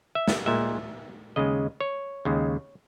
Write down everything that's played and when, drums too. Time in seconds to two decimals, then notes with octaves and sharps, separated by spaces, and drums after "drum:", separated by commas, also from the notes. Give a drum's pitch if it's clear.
0.15 E5
0.28 drum: snare
0.46 A#2 G#3 E5
1.36 D#2 C#3 G#3 D#5
1.81 C#5
2.25 D#2 C#3 G#3